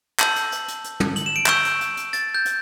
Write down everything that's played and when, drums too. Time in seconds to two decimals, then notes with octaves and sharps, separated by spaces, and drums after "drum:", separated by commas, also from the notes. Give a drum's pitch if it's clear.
0.19 A5 E6 G6 F#7, drum: clap
0.36 drum: hi-hat
0.52 drum: hi-hat
0.68 drum: hi-hat
0.84 drum: hi-hat
1.00 drum: tom
1.16 F#7, drum: hi-hat
1.26 E7
1.36 D7
1.46 C#6 E6 G6 E7, drum: clap
1.65 drum: hi-hat
1.81 drum: hi-hat
1.97 drum: hi-hat
2.13 A6, drum: hi-hat
2.35 G6
2.45 drum: hi-hat